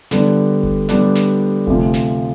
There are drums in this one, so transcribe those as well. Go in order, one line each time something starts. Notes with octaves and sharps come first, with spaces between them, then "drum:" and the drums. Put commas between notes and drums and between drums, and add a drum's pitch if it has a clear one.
D3 G3 B3 D4, drum: snare
drum: kick F#1
D3 G3 B3 D4, drum: snare
drum: snare
D2 C3 F3, drum: kick F#1
drum: snare